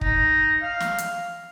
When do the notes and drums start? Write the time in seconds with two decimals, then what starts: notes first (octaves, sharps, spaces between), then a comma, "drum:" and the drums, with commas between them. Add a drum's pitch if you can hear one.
0.01 D#4, drum: kick
0.62 F5
0.80 drum: snare
0.98 drum: hi-hat